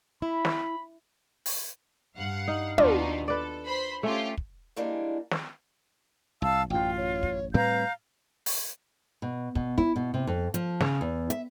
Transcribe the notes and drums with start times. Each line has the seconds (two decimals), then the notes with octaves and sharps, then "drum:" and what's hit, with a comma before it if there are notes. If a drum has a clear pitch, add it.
0.22 E4 B5
0.45 drum: snare
1.46 drum: open hi-hat
2.16 G2 F5 F#5
2.48 D#4
2.78 D#2 B2 D4 D#4 F4, drum: tom
3.28 A4 B4 D5
3.66 C5 B5 C6
4.03 A3 C#4 F4 G4
4.37 drum: kick
4.76 E3 G3 G#3 A#3 D4
5.31 drum: snare
6.42 C2 F5 A5 E6
6.70 A1 F#2 F4 G5
6.97 C#5
7.23 drum: kick
7.54 A2 G3 C4 B4 F5 A#5 G6
8.46 drum: open hi-hat
9.22 B2
9.55 B2, drum: kick
9.78 E4, drum: kick
9.96 B2
10.14 C3
10.27 F2
10.54 F3, drum: hi-hat
10.80 C#3, drum: snare
11.01 E2
11.30 E5, drum: hi-hat